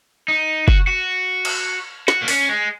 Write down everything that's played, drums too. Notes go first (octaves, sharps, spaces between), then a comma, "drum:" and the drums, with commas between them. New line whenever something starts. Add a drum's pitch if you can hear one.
D#4
F#4, drum: kick
F#4
drum: cymbal
F#4, drum: snare
A#3
C#4, drum: open hi-hat
G#3